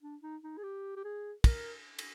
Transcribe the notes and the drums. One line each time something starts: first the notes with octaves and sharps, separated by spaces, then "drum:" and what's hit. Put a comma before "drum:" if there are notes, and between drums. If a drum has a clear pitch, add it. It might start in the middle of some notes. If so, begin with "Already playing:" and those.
D4
D#4
D#4
G#4
G4
G4
G#4
A#4, drum: kick, cymbal
drum: cymbal